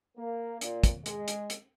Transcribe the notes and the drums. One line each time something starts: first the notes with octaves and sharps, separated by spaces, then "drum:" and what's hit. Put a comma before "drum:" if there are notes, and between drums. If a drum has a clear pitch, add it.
A#3
A#2, drum: hi-hat
drum: kick, hi-hat
G#3, drum: hi-hat
drum: hi-hat
drum: hi-hat